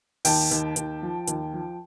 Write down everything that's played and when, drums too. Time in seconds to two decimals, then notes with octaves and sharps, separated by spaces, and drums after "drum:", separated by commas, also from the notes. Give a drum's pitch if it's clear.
0.25 D#2 G5 A5, drum: open hi-hat
0.51 D#2, drum: hi-hat
0.76 D#2, drum: hi-hat
1.03 F3
1.27 D#2, drum: hi-hat
1.53 F3